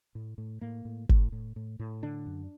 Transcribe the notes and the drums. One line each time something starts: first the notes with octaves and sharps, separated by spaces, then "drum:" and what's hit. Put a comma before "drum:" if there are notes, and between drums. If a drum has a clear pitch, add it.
A2
A2
A2 A#3
A2
A2, drum: kick G1
A2
A2
A2
D3 D4
F#2